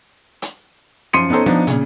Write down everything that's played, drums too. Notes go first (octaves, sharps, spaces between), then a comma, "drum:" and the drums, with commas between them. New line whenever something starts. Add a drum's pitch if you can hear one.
drum: hi-hat
F#2 F3 C6 C#7 D#7
B3 C#4 D#4 A4 C5
F3 B3 D4 D#4, drum: snare C4
A#2 C#3, drum: hi-hat